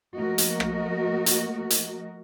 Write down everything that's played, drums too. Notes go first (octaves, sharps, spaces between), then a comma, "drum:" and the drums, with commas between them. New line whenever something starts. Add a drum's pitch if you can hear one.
F3 A3 A#3 F#4 A#4 D#5
drum: hi-hat
drum: rim click
drum: hi-hat
drum: hi-hat